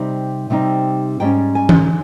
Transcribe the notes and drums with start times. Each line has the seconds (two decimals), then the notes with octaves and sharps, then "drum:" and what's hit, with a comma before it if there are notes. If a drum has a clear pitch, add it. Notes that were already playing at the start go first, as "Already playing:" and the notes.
Already playing: C3 G3 C4 D#4
0.50 C3 G3 C4 D#4
1.20 G#2 G3 C#4 G5
1.55 G#5
1.69 drum: tom E3